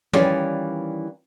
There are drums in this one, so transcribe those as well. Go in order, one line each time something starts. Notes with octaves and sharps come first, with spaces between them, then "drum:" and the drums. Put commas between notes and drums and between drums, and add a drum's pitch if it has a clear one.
D#3 E3 G3 C#4 F4 D5, drum: tom